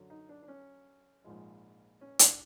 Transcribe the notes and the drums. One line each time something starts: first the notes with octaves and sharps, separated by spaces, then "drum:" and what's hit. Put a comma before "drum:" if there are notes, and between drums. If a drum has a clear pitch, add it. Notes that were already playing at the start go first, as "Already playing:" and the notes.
Already playing: F#2 D3 F#3
D#4
D4
D4
C#4
A#1 G#2 F3 G#3
C#4
D4, drum: hi-hat